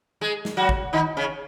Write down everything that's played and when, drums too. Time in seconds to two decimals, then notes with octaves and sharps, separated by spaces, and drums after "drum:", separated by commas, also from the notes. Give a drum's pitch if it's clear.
0.21 G#3 G#4
0.45 drum: snare
0.57 F#3 F#4
0.69 drum: kick
0.93 D#3 D#4
1.17 C#3 C#4